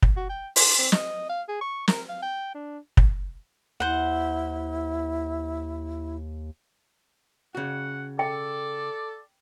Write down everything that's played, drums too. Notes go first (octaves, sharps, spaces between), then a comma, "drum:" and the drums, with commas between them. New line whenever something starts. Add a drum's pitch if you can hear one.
drum: kick
F#4
G5
C6, drum: open hi-hat
C4
D#5, drum: snare
F5
G#4
C#6
A#4, drum: snare
F5
G5
D4
drum: kick
D#2 E4 C5 F#5
C#3 F#4 F#5
A4 D5 G5